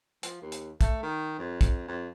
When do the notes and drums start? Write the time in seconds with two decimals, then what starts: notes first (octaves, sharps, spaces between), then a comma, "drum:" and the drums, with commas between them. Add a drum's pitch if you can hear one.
0.23 F3, drum: hi-hat
0.42 D#2
0.52 drum: hi-hat
0.81 A3, drum: kick, hi-hat
1.03 D#3
1.39 F2
1.61 drum: kick, hi-hat
1.88 F2